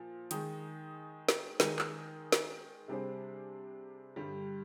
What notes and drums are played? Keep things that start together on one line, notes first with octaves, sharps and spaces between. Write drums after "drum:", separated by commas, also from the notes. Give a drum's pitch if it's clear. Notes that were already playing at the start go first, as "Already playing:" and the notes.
Already playing: A#2 F3
D#3 G#3 D#4, drum: hi-hat
drum: snare
D#3 G#3 D#4 A#4, drum: snare
drum: clap
drum: snare
C3 G3 D4 G#4 C5
G2 D3 G3